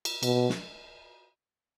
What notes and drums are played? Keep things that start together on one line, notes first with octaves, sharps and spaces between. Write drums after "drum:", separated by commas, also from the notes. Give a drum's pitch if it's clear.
drum: cymbal
B2, drum: cymbal
drum: snare